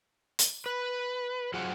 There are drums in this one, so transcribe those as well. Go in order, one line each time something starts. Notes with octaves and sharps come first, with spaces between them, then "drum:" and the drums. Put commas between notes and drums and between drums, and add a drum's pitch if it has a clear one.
drum: hi-hat
B4
F#3 F4 G#4 C5 F#5